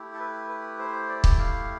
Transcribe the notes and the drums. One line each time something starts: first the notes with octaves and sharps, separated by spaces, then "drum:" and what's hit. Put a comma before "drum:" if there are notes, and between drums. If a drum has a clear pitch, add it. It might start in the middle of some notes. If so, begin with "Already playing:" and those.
Already playing: A3 E4 G4
A4
B4
B4
C5
D5
drum: kick
F5